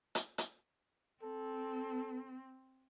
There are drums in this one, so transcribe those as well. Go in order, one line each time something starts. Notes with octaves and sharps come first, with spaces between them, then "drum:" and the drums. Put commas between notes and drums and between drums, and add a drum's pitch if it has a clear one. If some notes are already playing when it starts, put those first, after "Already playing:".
drum: hi-hat
drum: hi-hat
C4 A4